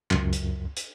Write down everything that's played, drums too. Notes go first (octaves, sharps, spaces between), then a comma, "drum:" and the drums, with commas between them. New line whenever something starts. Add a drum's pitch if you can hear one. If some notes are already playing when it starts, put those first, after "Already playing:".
C#2 F#2, drum: clap
drum: hi-hat
drum: hi-hat